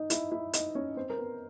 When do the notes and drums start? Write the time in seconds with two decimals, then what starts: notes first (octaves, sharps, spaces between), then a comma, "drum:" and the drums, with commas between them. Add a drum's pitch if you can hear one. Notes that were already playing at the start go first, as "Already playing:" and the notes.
Already playing: D#4 D#5
0.10 E4 E5, drum: hi-hat
0.32 E4 E5
0.53 D#4 D#5, drum: hi-hat
0.75 C#4 C#5
0.97 C4 C5
1.10 A#4
1.18 B3 B4